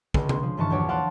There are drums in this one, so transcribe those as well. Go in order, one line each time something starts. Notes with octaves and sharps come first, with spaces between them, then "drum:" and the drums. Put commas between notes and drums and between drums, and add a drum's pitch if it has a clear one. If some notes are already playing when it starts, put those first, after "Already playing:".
C#2 D3 G#3, drum: kick
C6, drum: tom C3
F3
G#1 G2 D#3 E3 A5 C#6
A#1 E2 F#3 D4 C#5 D5
F5 F#5 A5 C6 D6